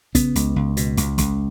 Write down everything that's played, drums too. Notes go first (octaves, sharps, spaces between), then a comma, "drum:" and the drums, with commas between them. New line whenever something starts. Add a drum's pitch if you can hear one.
C#3 B3, drum: kick, hi-hat
C#2, drum: hi-hat
C#2
B2, drum: hi-hat
C#2, drum: hi-hat
C#2, drum: kick, hi-hat